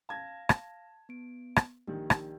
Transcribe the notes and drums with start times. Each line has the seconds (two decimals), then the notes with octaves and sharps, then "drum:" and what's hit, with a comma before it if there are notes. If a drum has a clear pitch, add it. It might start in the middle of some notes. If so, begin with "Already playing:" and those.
0.09 F5 A5 G#6 A#6
0.49 drum: rim click
1.09 B3 D7
1.56 drum: rim click
1.87 A#1 D#3 G4
2.10 drum: rim click